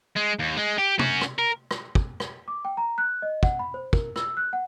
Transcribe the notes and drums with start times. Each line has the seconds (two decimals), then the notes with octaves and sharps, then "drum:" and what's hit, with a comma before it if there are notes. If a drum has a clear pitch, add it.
0.16 G#3
0.39 D#2
0.57 G#3
0.78 G4
0.99 C#4 F#4, drum: tom
1.21 drum: rim click
1.39 A#4
1.71 drum: rim click
1.95 drum: kick
2.20 drum: rim click
2.48 D6
2.65 G5
2.77 A#5
2.98 F#6
3.22 D#5
3.43 F#5, drum: kick
3.59 B5
3.74 C5
3.93 A#4, drum: kick
4.16 E6, drum: rim click
4.37 F#6
4.53 F#5